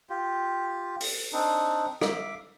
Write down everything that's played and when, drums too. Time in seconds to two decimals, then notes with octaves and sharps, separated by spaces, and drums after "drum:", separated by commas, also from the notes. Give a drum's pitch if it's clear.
0.10 F4 G4
1.00 drum: open hi-hat
1.33 C4 D4 D#4
2.01 E5 F5 D6, drum: rim click